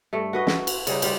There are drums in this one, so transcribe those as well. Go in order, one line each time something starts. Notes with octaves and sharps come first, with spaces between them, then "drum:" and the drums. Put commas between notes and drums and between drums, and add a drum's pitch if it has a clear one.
G2 A3
F#4 B4 D#5
E4, drum: snare
drum: cymbal
C#3 G3 D#4, drum: cymbal
G3 F4 G4, drum: cymbal